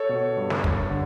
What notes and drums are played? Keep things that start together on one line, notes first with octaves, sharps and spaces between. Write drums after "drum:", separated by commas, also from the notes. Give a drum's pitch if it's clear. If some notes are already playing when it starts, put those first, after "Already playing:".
Already playing: A4 C#5
B2
G2
drum: snare
G2, drum: kick
D3